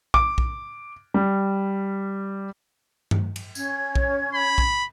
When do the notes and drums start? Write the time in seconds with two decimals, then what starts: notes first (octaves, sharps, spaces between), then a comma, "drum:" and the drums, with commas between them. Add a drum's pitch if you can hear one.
0.14 D6, drum: kick
0.38 drum: kick
1.14 G3
3.11 drum: tom G2
3.36 drum: cymbal
3.55 C#4 G#6, drum: tambourine
3.95 drum: kick
4.34 B5
4.58 drum: kick